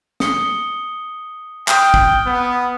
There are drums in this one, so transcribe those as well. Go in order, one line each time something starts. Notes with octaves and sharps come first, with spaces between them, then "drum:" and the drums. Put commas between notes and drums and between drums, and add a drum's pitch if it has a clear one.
D#6 C#7 G7, drum: snare
G5 D#6 F6 F#6, drum: clap
drum: kick
B3